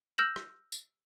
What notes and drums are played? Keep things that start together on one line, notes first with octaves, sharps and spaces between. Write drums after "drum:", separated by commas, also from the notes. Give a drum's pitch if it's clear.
E6 F6 G6 A#6 E7 F#7
drum: rim click
drum: tambourine